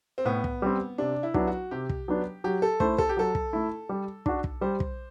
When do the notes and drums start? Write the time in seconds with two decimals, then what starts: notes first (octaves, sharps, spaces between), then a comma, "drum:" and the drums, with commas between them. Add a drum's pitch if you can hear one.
0.18 C4
0.25 A2 B3
0.44 drum: kick
0.62 G3 C4
0.98 C3 D4
1.23 E4
1.34 F#3 B3 D4, drum: kick
1.47 F#4
1.71 C3 G4
1.89 drum: kick
2.08 F#3 B3 D4
2.44 F#3 G4
2.62 A4
2.80 A3 E4 C5, drum: kick
2.98 A4, drum: kick
3.09 G4
3.17 F#3 A4
3.35 drum: kick
3.53 A3 E4
3.89 G3
4.26 D4 F#4, drum: kick
4.44 drum: kick
4.61 G3 C5
4.80 drum: kick